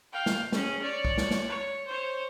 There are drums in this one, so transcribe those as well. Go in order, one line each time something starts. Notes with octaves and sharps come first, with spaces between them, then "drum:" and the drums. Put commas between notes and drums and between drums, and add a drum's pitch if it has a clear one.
F5 G5
drum: snare
C#4 G#4, drum: snare
C#5 D5
drum: kick B1
drum: snare
drum: snare
C#5
C5 C#5